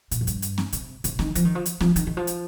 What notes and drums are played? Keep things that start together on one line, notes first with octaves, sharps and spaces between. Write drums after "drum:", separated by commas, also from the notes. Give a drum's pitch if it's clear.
A#2, drum: hi-hat
F2
G2, drum: hi-hat
drum: hi-hat
drum: snare C4
C3, drum: hi-hat
C3, drum: hi-hat
D#3, drum: snare C4
F3, drum: hi-hat
D#3
F3
drum: hi-hat
F3, drum: snare C4
D#3, drum: hi-hat
D#3
F3
drum: hi-hat